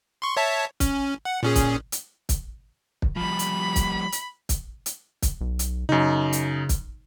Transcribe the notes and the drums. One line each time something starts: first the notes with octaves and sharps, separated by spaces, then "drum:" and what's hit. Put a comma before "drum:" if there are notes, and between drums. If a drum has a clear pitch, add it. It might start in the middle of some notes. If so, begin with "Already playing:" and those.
C6 C#6
C#5 E5 A5
C#4, drum: kick, hi-hat
F#5
A#2 C#4 G#4
drum: kick, hi-hat
drum: hi-hat
drum: kick, hi-hat
drum: kick
F3 G3 B5
drum: hi-hat
drum: kick, hi-hat
drum: hi-hat
drum: kick, hi-hat
drum: hi-hat
drum: kick, hi-hat
B1
drum: hi-hat
F#2 C#3 D#4
drum: hi-hat
drum: kick, hi-hat